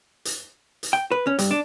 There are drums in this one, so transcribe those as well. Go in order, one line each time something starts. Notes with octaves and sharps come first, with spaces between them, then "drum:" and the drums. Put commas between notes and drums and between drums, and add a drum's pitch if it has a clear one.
drum: hi-hat
drum: hi-hat
G5
B4
C#4
G2, drum: hi-hat
D4